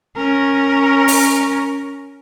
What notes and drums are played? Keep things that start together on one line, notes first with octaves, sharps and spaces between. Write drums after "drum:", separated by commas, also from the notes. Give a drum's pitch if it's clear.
C#4 A#4
drum: open hi-hat